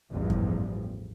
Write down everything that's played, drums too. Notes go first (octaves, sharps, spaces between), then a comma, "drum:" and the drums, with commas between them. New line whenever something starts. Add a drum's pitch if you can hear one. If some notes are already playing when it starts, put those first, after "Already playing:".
A1 E2 G2 F3 G3
drum: kick F#2